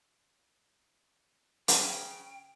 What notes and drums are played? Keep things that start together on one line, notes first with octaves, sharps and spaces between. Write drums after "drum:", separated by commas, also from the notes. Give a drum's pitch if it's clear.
C#3 G5, drum: hi-hat